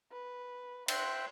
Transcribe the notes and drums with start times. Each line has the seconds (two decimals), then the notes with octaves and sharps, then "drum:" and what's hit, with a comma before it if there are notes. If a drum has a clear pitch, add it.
0.12 B4
0.88 C5 E5 G5 C6 F#6, drum: cymbal